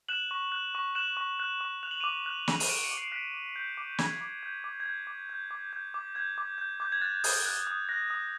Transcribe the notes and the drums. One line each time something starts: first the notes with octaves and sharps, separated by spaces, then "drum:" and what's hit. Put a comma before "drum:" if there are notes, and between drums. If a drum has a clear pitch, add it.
F#6 E7 F#7
C#6
F#6
C#6
F#6 E7 F#7
C#6
F#6
C#6
F#6 F7
F#7
D6 D#7 F7
F#6
D6, drum: snare
D#7, drum: open hi-hat
F#6 D7 E7
C#7 D#7
D6
C7 D7
D7
F#6 B6 C#7
D6
G6
D6
G6 G#6, drum: snare
D6
G6
D6
G#6
G6
D6
G6
D6
G6
D6
G6 G#6
D6
G6
D6 G6
G#6
F#6 A6
D#6, drum: open hi-hat
F#6
D#6
F#6 A#6
D#6